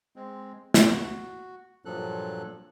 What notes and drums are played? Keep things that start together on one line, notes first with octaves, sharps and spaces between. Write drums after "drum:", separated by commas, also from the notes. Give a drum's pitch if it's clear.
G#3 C4
F#4, drum: snare
G2 A#2 F3 F#3 A4 F#6